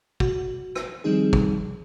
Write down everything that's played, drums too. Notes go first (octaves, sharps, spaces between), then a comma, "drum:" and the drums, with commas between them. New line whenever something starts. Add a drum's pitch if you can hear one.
F#4, drum: kick
drum: rim click
D#3 F3 G3 C4 D#4 G#4
drum: kick